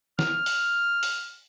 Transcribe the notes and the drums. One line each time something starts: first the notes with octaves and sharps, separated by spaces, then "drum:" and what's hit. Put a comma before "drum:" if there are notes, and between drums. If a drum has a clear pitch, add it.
F6, drum: snare
drum: open hi-hat
drum: open hi-hat